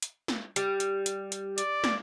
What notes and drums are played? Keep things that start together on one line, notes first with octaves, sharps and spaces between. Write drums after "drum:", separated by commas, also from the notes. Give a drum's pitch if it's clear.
drum: hi-hat
drum: snare
G3, drum: hi-hat
drum: hi-hat
drum: hi-hat
drum: hi-hat
D5, drum: hi-hat
drum: snare